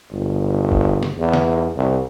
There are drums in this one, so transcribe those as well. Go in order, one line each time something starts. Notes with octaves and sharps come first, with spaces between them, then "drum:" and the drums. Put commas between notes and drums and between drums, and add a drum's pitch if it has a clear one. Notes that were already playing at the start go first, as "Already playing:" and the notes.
G1
drum: kick
drum: snare
E2
drum: snare
C2